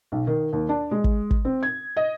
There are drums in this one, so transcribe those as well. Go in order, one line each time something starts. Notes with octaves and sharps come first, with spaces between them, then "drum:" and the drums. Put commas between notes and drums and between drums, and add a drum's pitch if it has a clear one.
B1
D#3
D#2
D4
G#3
drum: kick
drum: kick
C4
G#6
D#5